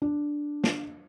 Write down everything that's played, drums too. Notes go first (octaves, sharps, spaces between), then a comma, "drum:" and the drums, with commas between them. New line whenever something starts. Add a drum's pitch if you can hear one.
D4
drum: snare